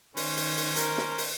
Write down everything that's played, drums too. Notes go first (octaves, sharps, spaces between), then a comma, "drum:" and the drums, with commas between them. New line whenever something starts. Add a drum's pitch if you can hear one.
D#3 C#4 C5, drum: open hi-hat
drum: open hi-hat
drum: open hi-hat
A#4, drum: hi-hat
drum: snare
drum: open hi-hat